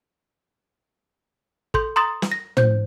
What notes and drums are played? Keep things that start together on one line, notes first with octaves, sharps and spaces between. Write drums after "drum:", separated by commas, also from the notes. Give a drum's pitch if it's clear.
A4 C6 G6, drum: kick
A#5 C6 D#6 A6
drum: snare
A#6
C5 G6, drum: tom